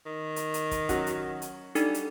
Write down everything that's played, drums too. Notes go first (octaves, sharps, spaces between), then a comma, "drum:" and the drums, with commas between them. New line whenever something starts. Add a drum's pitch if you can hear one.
D#3
drum: hi-hat
drum: hi-hat
drum: kick, hi-hat
F#3 C#4 F#4, drum: kick, hi-hat
drum: hi-hat
drum: hi-hat
G3 D4 D#4 A4, drum: hi-hat
drum: hi-hat